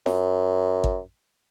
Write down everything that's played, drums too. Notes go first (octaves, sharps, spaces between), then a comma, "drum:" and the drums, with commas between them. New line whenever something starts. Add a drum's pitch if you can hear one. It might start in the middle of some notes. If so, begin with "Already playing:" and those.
F#2, drum: snare F4
drum: kick